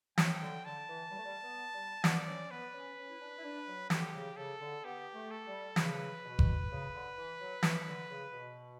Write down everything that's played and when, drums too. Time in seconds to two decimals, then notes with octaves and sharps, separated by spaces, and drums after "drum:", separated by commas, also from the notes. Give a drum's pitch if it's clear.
0.18 F#3 G5, drum: snare
0.41 D3
0.65 D3 A5
0.88 E3
1.11 G3
1.18 A3
1.25 G3
1.43 B3
1.74 G3
2.04 B3 D5, drum: snare
2.27 C#4
2.50 B3 B4
2.74 C#4
2.98 C#4
3.09 E4
3.21 D4
3.38 E4
3.45 D4
3.68 F#3
3.90 D3 G4, drum: snare
4.13 C#3
4.37 C#3 A4
4.60 D3
4.83 B3 G4
5.14 A3
5.31 A4
5.46 G3
5.76 C#3 B4, drum: snare
6.24 B2
6.39 drum: kick F#1
6.70 C#3
6.93 D3
7.16 E3
7.40 F#3
7.63 E3, drum: snare
7.86 D3
8.09 C#3
8.32 B2